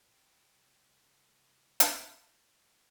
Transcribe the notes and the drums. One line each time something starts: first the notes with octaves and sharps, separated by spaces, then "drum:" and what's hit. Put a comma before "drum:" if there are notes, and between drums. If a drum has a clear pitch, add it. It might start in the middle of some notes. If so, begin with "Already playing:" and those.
C2 G5
drum: hi-hat